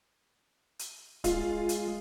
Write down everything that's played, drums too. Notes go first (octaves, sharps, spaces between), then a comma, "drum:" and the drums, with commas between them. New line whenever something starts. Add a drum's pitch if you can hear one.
drum: hi-hat
G#3 F4, drum: kick D1, hi-hat
drum: hi-hat